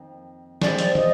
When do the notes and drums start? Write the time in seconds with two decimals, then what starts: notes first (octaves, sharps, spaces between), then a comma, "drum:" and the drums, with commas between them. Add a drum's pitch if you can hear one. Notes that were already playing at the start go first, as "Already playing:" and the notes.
Already playing: F2 D#3 A#3
0.62 F3 G#3 C4 G4 D5, drum: snare
0.79 drum: hi-hat
0.95 D#5, drum: tom